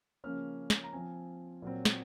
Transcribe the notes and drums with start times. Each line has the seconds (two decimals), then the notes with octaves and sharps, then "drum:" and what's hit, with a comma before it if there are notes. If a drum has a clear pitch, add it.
0.24 C#3 F3 A#3 C#4 F6
0.70 drum: snare
0.84 A#5
0.93 F3 C4 G#5
1.62 A#2 F#3 C4
1.85 drum: snare